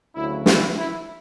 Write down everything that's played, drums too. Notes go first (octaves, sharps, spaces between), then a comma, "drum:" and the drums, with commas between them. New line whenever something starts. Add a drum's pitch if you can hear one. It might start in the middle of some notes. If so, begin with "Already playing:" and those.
D2 C#3 F#3 E4
E4, drum: snare
E4